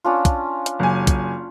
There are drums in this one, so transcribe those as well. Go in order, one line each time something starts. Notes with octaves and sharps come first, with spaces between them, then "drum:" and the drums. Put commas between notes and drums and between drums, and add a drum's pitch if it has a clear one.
C#4 D4 F4
drum: kick, hi-hat
drum: hi-hat
F#1 G#5
drum: kick, hi-hat